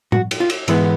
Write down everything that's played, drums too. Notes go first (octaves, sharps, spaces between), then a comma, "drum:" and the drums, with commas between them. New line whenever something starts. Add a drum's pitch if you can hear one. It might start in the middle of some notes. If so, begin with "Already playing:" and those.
F#4, drum: tom A2
drum: cymbal
F4
drum: cymbal
G#2 E3 G#3 B3 E4, drum: cymbal